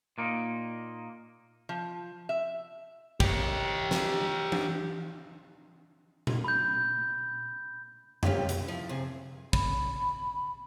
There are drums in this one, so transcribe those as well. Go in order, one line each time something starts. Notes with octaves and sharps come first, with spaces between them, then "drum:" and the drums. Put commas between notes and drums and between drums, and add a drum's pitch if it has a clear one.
A#2 A#3 D#4
F3
E5
G4 C#5, drum: kick
drum: snare
drum: tom E3
drum: tom A#2
B5 G6
C3 G3 A#3 C#4 F4 G4, drum: tom F2
B2, drum: hi-hat
F3 E4
C3 G#4
B5, drum: kick